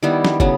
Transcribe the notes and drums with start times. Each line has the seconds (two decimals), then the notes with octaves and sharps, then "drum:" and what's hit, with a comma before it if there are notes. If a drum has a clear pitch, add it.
0.03 D#3 G3 B3 E4
0.25 drum: snare
0.40 C#3 F#3 B3, drum: kick